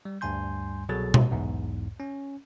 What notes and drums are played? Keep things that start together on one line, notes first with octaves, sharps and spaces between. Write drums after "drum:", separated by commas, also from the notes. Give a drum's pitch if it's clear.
G3
D2 G2 G3 G#5 C6 G6
C2 B2 F#3 G#4 A4 A6
drum: tom B2
B1 E2 G#2
C#4